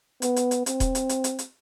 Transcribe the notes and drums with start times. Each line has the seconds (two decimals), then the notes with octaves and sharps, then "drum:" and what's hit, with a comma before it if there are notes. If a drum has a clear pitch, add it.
0.22 B3, drum: hi-hat
0.36 drum: hi-hat
0.51 drum: hi-hat
0.66 C4, drum: hi-hat
0.80 drum: kick D#1, hi-hat
0.95 drum: hi-hat
1.09 drum: hi-hat
1.24 drum: hi-hat
1.39 drum: hi-hat